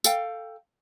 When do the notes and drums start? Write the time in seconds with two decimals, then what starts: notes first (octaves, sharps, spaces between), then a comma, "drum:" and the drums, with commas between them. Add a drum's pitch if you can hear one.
0.04 A4 F5 G5, drum: tambourine